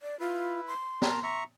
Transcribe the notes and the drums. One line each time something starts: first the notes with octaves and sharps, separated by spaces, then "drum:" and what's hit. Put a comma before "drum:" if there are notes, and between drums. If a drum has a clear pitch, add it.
D5
E4 F4 B4
C6
A#4 A5 A#5, drum: snare
E5 A#5 C#6